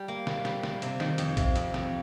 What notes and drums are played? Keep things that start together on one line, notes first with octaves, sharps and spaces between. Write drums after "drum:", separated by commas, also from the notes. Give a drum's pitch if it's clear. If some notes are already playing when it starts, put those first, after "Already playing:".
Already playing: G3
A#3
G3, drum: snare
G3, drum: snare
A#3, drum: snare
C3, drum: hi-hat
D#3, drum: snare
F2, drum: hi-hat
C3, drum: kick, hi-hat
F2, drum: hi-hat
F2, drum: snare